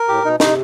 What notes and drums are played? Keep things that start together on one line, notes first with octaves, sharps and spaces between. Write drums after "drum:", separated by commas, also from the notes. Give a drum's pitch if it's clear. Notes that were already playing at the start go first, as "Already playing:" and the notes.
Already playing: A#4
A2 G4
B2 D#4
C3 D#4, drum: snare